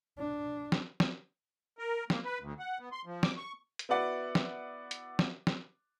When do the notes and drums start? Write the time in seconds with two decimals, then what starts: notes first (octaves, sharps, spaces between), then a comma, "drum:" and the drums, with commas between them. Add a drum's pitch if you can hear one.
0.19 D4
0.72 drum: snare
1.00 drum: snare
1.78 A#4
2.10 A#3, drum: snare
2.25 B4
2.40 D2
2.59 F#5
2.79 B3
2.92 C6
3.05 F3
3.23 D6, drum: snare
3.37 C#6
3.79 drum: hi-hat
3.89 B3 E4 F#4 B4 D5 F#5
4.35 drum: snare
4.91 drum: hi-hat
5.19 drum: snare
5.47 drum: snare